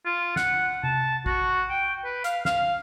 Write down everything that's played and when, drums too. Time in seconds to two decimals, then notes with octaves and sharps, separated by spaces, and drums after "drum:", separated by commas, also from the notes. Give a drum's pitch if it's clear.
0.05 F4
0.36 F#5, drum: snare
0.83 A5, drum: tom C3
1.26 F#4, drum: kick
1.70 G5
2.05 B4
2.24 F5, drum: hi-hat
2.45 F5, drum: snare